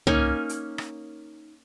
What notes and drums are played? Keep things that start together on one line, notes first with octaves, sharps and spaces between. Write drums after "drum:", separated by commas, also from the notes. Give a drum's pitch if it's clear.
A#3 C#4 D#4 G#5, drum: tom
drum: hi-hat
drum: rim click